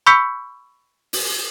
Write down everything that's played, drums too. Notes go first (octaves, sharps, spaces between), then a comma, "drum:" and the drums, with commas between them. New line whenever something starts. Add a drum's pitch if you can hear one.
B5 C#6 E6 G6 B6 C#7
drum: open hi-hat